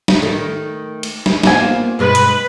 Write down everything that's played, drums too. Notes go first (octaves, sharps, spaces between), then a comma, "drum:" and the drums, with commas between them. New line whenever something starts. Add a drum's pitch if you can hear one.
drum: snare
D#3 A3
drum: cymbal
drum: snare
A#3 B3 F4 C5 G#5, drum: snare
G2 B2 G#3 B4
drum: hi-hat